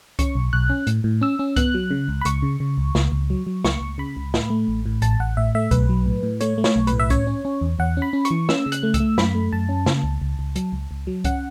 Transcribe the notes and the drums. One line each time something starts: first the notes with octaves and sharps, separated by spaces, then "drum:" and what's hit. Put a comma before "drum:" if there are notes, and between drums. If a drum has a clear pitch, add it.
C#4 C#6, drum: kick C2, hi-hat
B1
B1 F#6
C#4
A2, drum: hi-hat
A2
C#4 E6
C#4
B3 F#6, drum: kick C2, hi-hat
F#3
C#3
C#2
B5
C#2 C#6, drum: hi-hat
C#3
C#3
C#2
C#2, drum: snare
C#2
F#3
F#3
C#2 C#6, drum: snare
C#2
C#3 B5
C#2
A2, drum: snare
A3
A1
A2
A1 A5, drum: hi-hat
A1 F#5
A2 E5
A3 E5
B1 B4, drum: kick C2, hi-hat
F#3
A2
A2
A3 C#5, drum: hi-hat
A3
C#5, drum: snare
B1
B4, drum: hi-hat
A2
E5
C#4 C#5, drum: kick C2, hi-hat
C#4
C#4
E2
E2 F#5
C#4 B5
C#4
C#6, drum: hi-hat
E3
C#4 E6, drum: snare
C#3
F#6, drum: hi-hat
A3
E6, drum: kick C2, hi-hat
A3
F#2 B5, drum: snare
A3
F#2 A5
C#4
C#3, drum: snare
C#2
C#2
C#2
F#3, drum: hi-hat
C#2
C#2
F#3
C#4 F#5, drum: kick C2, hi-hat